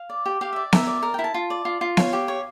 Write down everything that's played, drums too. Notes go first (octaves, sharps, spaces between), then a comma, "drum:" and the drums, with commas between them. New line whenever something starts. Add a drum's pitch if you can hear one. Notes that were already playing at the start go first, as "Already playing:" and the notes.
Already playing: F5
D5
G4
G4 F5
D5 E5
A#4 E5, drum: snare B3
D5
A#4
E4 G5
A5
F4
D5
F4
F4
C#5 F5, drum: snare B3
G4
C#5